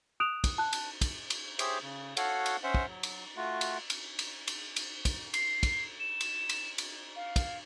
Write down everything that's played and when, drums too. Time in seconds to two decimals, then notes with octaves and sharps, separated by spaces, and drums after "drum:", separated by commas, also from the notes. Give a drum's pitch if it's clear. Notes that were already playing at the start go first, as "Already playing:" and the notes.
0.20 D#6 F#6 D7 E7 F7
0.44 drum: kick, cymbal
0.58 A5 F#6
0.73 drum: cymbal
1.01 drum: kick, cymbal
1.30 drum: cymbal
1.59 G4 G#4 C5 C#5 E5 D6, drum: cymbal
1.83 C#3
2.17 F#4 A4 C#5 F5 F#5, drum: cymbal
2.46 drum: cymbal
2.63 C#4 C5 E5 F#5
2.74 drum: kick
2.87 F#3
3.03 drum: cymbal
3.36 A3 F4 F#4
3.61 drum: cymbal
3.90 drum: cymbal
4.19 drum: cymbal
4.48 drum: cymbal
4.76 drum: cymbal
5.05 drum: kick, cymbal
5.34 C7, drum: cymbal
5.63 drum: kick, cymbal
6.00 E7
6.21 drum: cymbal
6.49 drum: cymbal
6.78 drum: cymbal
7.16 F5
7.36 drum: kick, cymbal